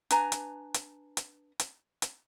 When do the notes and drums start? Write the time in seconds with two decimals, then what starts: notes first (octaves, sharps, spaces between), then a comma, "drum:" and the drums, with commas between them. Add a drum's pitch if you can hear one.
0.11 D4 B4 G#5 A#5, drum: hi-hat
0.32 drum: hi-hat
0.74 drum: hi-hat
1.17 drum: hi-hat
1.60 drum: hi-hat
2.02 drum: hi-hat